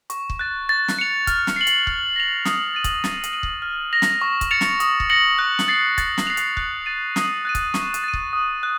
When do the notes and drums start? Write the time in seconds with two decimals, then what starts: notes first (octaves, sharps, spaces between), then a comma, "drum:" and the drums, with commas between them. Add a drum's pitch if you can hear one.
0.10 C#6, drum: hi-hat
0.30 drum: kick
0.39 F#6 A6
0.69 A6
0.88 drum: snare
0.99 C#7 F7
1.27 F6, drum: kick, hi-hat
1.47 drum: snare
1.56 C7 F#7
1.67 drum: hi-hat
1.87 F6, drum: kick
2.16 A#6 F7
2.45 D#6, drum: snare
2.75 A6 D#7 F#7
2.84 drum: kick, hi-hat
3.04 A6, drum: snare
3.24 drum: hi-hat
3.33 D#7 F#7
3.43 drum: kick
3.62 F6
3.93 A#6 F7
4.02 drum: snare
4.21 C#6
4.41 drum: kick, hi-hat
4.51 A6 C#7 F7
4.61 drum: snare
4.80 D#6, drum: hi-hat
5.00 drum: kick
5.10 A#6 C#7 F#7
5.39 F#6
5.59 drum: snare
5.68 A6 C7
5.98 A6, drum: kick, hi-hat
6.18 drum: snare
6.27 C7 F7
6.37 drum: hi-hat
6.57 F#6, drum: kick
6.86 A6 D#7
7.16 D#6, drum: snare
7.45 F#6 A6 D#7
7.55 drum: kick, hi-hat
7.74 C#6, drum: snare
7.94 drum: hi-hat
8.04 A6 D#7
8.14 drum: kick
8.33 D#6
8.63 F#6